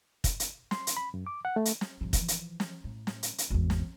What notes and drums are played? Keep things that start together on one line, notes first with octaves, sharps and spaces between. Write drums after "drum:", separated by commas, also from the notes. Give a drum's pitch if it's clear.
drum: kick, hi-hat
drum: hi-hat
C6, drum: snare
drum: hi-hat
B5
F#2
D6
F#5
A3
drum: hi-hat
drum: snare
G1 F3
E3 F3, drum: kick, hi-hat
drum: hi-hat
drum: snare
A2
drum: snare
drum: hi-hat
drum: hi-hat
G#1 E2
drum: snare